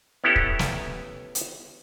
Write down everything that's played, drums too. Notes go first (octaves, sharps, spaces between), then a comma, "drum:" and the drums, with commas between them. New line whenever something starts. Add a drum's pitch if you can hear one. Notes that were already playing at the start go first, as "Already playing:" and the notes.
B3 C#4 E4 G4 A4
drum: kick
drum: snare
drum: hi-hat